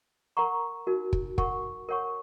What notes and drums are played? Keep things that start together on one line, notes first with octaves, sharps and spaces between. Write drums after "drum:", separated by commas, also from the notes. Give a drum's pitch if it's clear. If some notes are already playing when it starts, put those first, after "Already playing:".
A#4 F#5 A#5 C#6
D#4 F#4 A#4
drum: kick
A#4 F#5 C#6, drum: kick
A#4 C#5 F#5 C#6